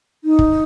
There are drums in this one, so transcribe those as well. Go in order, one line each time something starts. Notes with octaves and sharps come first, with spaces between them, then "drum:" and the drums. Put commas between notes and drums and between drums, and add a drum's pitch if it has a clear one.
D#4
drum: kick